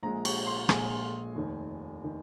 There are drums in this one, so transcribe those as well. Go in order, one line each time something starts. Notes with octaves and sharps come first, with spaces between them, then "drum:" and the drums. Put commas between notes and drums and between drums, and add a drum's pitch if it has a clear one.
A#1 A#2 G#3 A#5
C#6, drum: cymbal
C6
A#1 A#2 G#3 G#5, drum: rim click
F1 D#2 D#3
D#3